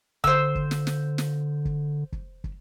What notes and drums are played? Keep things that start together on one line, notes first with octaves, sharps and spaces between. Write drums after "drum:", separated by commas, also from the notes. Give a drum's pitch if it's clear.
D3 C5 E6, drum: kick
drum: kick
drum: snare
drum: snare
drum: snare
drum: kick
drum: kick
drum: kick